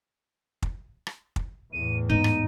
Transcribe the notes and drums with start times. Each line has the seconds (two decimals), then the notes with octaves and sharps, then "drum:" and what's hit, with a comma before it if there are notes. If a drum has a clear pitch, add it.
0.62 drum: kick
1.07 drum: rim click
1.36 drum: kick
1.73 E2 A2 D#7
2.09 G#2 B3 D#4 D#7
2.24 drum: rim click